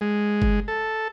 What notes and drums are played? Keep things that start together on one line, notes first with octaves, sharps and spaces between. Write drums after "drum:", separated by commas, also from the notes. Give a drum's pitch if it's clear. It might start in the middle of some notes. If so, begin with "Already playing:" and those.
G#3
drum: kick F#1
A4